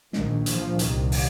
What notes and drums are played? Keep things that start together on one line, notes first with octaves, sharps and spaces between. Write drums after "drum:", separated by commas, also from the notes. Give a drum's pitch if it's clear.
A#1 A#2 D#3, drum: snare
F3, drum: hi-hat
C2 C3 D#3, drum: hi-hat
drum: open hi-hat